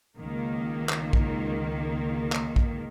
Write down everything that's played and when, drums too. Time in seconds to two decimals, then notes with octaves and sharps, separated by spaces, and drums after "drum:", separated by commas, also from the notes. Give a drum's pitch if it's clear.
0.18 C#2 D#3 A#3
0.89 drum: clap
1.13 drum: kick A#1
2.32 drum: clap
2.56 drum: kick A#1